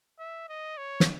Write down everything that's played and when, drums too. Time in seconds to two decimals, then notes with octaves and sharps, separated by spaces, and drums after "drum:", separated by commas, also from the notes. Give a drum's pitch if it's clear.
0.19 E5
0.49 D#5
0.78 C#5
1.00 drum: snare